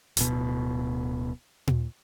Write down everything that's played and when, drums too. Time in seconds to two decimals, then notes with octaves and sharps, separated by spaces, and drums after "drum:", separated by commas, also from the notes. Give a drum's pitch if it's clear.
0.17 D1 B2, drum: hi-hat
1.67 drum: tom A#2